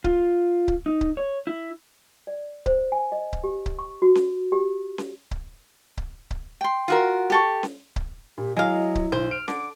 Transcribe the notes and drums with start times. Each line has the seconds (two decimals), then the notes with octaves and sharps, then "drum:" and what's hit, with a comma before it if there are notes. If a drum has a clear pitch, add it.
0.04 F4, drum: kick C#1
0.68 drum: kick C#1
0.86 D#4
1.01 drum: kick C#1
1.17 C#5
1.47 E4
2.27 D5
2.66 C5, drum: kick C#1
2.92 G#5
3.12 D#5
3.33 drum: kick C#1
3.44 G4
3.66 drum: kick C#1
3.79 C#6
4.02 F#4
4.15 drum: snare C#4
4.52 G4
4.98 drum: snare C#4
5.31 drum: kick C#1
5.97 drum: kick C#1
6.31 drum: kick C#1
6.61 G5 C6
6.88 F4 F#4 A#4
7.30 G4 A4 C#6
7.63 drum: snare C#4
7.96 drum: kick C#1
8.38 A#2 G4
8.57 F#3 G#3 E4 D#5 F5
8.95 drum: kick C#1
9.12 B1 C5
9.31 F6 D7
9.48 D3 D6, drum: snare C#4